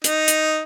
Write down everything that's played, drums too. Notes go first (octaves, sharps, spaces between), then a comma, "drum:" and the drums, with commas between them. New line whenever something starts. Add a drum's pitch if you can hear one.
D#4, drum: hi-hat
drum: hi-hat